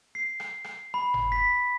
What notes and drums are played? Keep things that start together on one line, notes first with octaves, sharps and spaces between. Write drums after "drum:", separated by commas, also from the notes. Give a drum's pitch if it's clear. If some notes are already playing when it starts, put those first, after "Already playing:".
C7
drum: rim click
drum: rim click
B5
drum: tom G1
B6